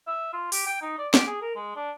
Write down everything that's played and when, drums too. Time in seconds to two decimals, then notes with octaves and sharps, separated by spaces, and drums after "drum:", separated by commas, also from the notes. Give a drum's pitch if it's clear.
0.07 E5
0.33 F4
0.52 G4, drum: open hi-hat
0.66 G5
0.82 D#4
0.98 D5
1.14 G4, drum: snare
1.27 G#4
1.42 A#4
1.56 G#3
1.76 D4